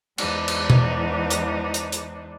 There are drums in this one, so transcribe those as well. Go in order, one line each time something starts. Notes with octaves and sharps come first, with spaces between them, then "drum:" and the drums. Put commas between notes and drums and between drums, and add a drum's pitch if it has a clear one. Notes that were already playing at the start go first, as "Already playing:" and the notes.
E2 E3 G#3 D4 D#4 C5, drum: cymbal
drum: cymbal
drum: tom B2
drum: hi-hat
drum: hi-hat
drum: hi-hat